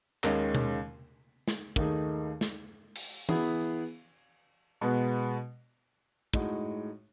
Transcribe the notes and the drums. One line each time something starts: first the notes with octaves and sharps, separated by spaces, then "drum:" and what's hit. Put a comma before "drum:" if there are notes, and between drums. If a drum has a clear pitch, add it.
D#2 D#3 G#3 C#4, drum: clap
drum: tom B2
drum: snare
D#2 D#3 A3 D#4 G#4, drum: kick
drum: snare
drum: cymbal
E3 B3 E4 G#4, drum: tom E3
B2 G#3 B3 F#4 B4
A2 G#3 D#4 F#4, drum: kick